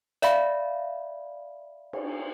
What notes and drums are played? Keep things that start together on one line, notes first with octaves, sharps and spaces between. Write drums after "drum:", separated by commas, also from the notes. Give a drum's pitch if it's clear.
D5 E5 F5 B5, drum: hi-hat
drum: cymbal